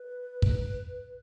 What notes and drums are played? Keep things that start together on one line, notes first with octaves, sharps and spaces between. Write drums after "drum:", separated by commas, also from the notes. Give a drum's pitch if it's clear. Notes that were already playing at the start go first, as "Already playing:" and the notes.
Already playing: B4
drum: kick